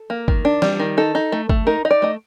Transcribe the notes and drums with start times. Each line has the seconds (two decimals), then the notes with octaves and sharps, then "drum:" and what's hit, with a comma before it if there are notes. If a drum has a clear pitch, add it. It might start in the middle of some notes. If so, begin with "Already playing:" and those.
Already playing: A4
0.10 A#3
0.28 D#3, drum: kick
0.45 D4
0.62 G3, drum: snare
0.79 D#3
0.97 D#4 A4
1.15 D#4
1.32 A3
1.49 A3, drum: kick
1.67 D#4 A#4
1.85 D#4 D#5
1.91 D5
2.02 A3 D#5